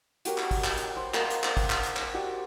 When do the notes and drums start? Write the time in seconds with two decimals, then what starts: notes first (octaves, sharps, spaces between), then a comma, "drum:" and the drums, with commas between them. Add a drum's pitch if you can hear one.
0.25 F#4 G4 A#4 C#5, drum: hi-hat
0.38 drum: clap
0.51 drum: kick, open hi-hat
0.64 drum: clap
0.77 drum: hi-hat
0.95 B4 C5 C6
1.14 A#4 F5 F#5, drum: clap
1.30 drum: hi-hat
1.43 C5 D5, drum: clap
1.57 drum: kick, open hi-hat
1.70 drum: clap
1.83 drum: hi-hat
1.96 drum: clap
2.14 F#4 G4 D5